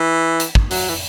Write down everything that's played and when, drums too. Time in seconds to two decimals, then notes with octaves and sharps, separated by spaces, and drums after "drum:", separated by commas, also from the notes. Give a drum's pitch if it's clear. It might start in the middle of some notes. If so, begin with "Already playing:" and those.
Already playing: E3
0.40 drum: hi-hat
0.55 drum: kick
0.71 F#3, drum: open hi-hat
0.89 E3